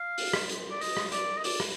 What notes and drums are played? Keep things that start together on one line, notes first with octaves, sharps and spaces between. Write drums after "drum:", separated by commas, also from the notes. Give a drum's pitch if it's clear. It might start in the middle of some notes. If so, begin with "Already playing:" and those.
Already playing: F5
drum: open hi-hat
drum: rim click
drum: hi-hat
D5
D#5, drum: open hi-hat
drum: rim click
D5, drum: hi-hat
D#5
D5, drum: open hi-hat
drum: rim click